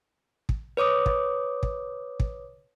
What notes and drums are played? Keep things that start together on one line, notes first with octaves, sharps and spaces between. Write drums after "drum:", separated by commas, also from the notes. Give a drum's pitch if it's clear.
drum: kick
B4 C#5 D6 D#6
drum: kick
drum: kick
drum: kick